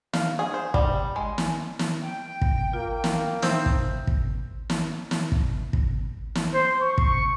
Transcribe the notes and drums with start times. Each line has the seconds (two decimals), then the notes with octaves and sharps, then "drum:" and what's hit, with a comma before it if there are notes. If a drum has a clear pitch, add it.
0.13 F5, drum: snare
0.39 G#4
0.54 C5
0.74 G3, drum: kick
1.16 G#3
1.38 drum: snare
1.79 drum: snare
2.04 G5
2.42 drum: kick
2.73 A#3 F4
3.04 drum: snare
3.43 C4 D#4 E5, drum: snare
3.66 drum: kick
4.07 drum: kick
4.70 drum: snare
5.11 drum: snare
5.32 drum: kick
5.73 drum: kick
6.35 drum: snare
6.53 C5
6.82 C#6
6.98 drum: kick